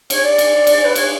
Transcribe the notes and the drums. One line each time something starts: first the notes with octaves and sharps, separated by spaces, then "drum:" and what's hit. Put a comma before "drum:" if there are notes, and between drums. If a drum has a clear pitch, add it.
C#5, drum: cymbal
D5
drum: cymbal
drum: cymbal
B4
C#5, drum: cymbal